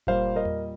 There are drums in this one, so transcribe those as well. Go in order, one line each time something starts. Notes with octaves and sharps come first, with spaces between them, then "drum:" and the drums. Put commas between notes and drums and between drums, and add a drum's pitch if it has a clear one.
A#2 G3 A#3 C5 F5, drum: kick F#1
A#4 D#5
drum: tom E2